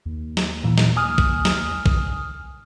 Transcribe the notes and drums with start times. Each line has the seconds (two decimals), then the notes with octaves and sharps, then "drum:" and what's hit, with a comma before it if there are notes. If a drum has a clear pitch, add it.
0.05 D#2
0.37 drum: snare
0.64 A#2 E3
0.78 drum: snare
0.97 G#5 D#6 F6
1.18 drum: kick A#1
1.45 drum: snare
1.86 drum: kick A#1